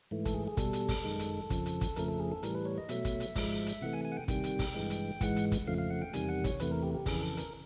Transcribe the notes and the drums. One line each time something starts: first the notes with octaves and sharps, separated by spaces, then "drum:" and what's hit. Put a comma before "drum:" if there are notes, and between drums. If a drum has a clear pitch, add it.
G#2 E3 A3
A4, drum: kick, hi-hat
G#4
G#4
B2 G3 A4, drum: kick, hi-hat
drum: hi-hat
drum: kick, open hi-hat
F#2 D#3 G#3
drum: hi-hat
F2 C#3 F3, drum: kick, hi-hat
drum: hi-hat
drum: kick, hi-hat
F2 C#3 F3 A3 A#4, drum: hi-hat
A4
G#4
A4
A2 E3 G3 A#4, drum: hi-hat
B4
C#5
D#5
B2 F#3 A3 E5, drum: hi-hat
drum: kick, hi-hat
drum: hi-hat
G#2 F3 G#3, drum: kick, open hi-hat
drum: hi-hat
C3 E3 A3 F#5
G#5
G#5
F#5
G5
C3 D#3 G3 G5, drum: kick, hi-hat
drum: hi-hat
drum: kick, open hi-hat
G2 E3 G#3
drum: hi-hat
G#2 E3 G#3 F#5, drum: kick, hi-hat
drum: hi-hat
drum: kick, hi-hat
F2 C#3 F3 A3 F5
F5
F#5
G5
E2 C3 D#3 G3 G#5, drum: hi-hat
F#5
C#5, drum: kick, hi-hat
E2 C3 E3 A3 B4, drum: hi-hat
A#4
G4
G4
F2 C#3 E3 G#4, drum: kick, open hi-hat
A4
A#4, drum: hi-hat